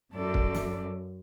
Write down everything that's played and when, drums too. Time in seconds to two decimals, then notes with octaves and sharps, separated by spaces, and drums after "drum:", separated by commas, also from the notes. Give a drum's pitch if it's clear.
0.14 F#2 A4 D5
0.34 drum: kick
0.55 drum: snare